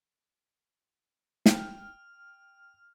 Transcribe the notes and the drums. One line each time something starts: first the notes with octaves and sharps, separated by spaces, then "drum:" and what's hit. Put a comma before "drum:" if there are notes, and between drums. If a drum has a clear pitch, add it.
G5 F6, drum: snare